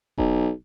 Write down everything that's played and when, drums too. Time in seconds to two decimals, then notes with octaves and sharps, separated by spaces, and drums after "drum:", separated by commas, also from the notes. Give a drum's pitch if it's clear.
0.18 B1, drum: kick E1